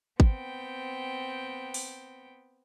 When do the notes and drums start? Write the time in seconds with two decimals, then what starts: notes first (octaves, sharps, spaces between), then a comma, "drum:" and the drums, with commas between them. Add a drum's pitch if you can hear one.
0.20 B3 C4 G5, drum: kick G#1
1.74 drum: open hi-hat